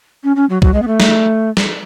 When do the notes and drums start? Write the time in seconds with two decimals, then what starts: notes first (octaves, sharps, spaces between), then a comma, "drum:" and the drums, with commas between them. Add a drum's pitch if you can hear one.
0.24 C#4
0.36 C#4
0.49 F#3
0.62 F#3, drum: kick
0.74 G#3
0.82 B3
0.87 A3
1.00 drum: snare
1.57 drum: snare